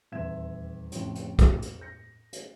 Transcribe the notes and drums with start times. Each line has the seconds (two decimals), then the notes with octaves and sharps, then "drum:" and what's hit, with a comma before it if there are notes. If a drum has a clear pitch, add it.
0.12 D#1 E2 C4 E5 G#6 E7
0.92 F2 A2 C#3 F3 C4, drum: hi-hat
1.15 drum: hi-hat
1.39 drum: kick, hi-hat
1.62 drum: hi-hat
1.81 G6 A#6 C#7
2.33 drum: hi-hat